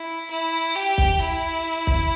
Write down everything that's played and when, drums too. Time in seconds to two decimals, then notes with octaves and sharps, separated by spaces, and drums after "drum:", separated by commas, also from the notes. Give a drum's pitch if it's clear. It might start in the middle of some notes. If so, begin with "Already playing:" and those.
Already playing: E4
0.31 E4
0.75 G4
0.98 drum: kick
1.20 E4
1.87 drum: kick